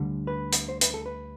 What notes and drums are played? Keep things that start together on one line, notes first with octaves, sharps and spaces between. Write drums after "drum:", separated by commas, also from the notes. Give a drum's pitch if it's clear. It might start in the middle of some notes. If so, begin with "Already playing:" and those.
Already playing: D2 D3 G3
B4
drum: hi-hat
C5
B4, drum: hi-hat
A4
B4